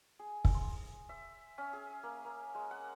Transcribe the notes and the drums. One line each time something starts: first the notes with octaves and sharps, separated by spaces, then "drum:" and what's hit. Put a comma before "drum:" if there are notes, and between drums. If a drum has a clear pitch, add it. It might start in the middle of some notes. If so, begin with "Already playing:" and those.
G#4
drum: kick
C6
E5
C#4
G#4
A#3
A#3
G#3
F#5